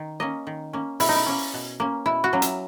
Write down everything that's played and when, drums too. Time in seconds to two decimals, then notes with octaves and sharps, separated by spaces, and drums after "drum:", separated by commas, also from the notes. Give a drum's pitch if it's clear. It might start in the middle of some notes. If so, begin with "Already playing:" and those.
Already playing: D#3
0.20 A#3 C#4 D#5
0.47 D#3
0.73 A#3 C#4
1.00 B2 E4, drum: open hi-hat
1.09 D#4
1.16 E4
1.26 A#3 C#4
1.54 B2
1.80 A#3 C#4
2.06 B2 E4
2.24 F#4
2.33 F#3 A#3 C#4
2.42 E5, drum: hi-hat